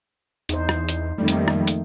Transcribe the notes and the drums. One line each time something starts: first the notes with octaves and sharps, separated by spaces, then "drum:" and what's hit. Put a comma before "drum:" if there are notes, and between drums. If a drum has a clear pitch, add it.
E2 D#4 C5, drum: hi-hat
drum: rim click
drum: hi-hat
F2 D#3 G3 A3 A#3
drum: hi-hat
drum: rim click
drum: hi-hat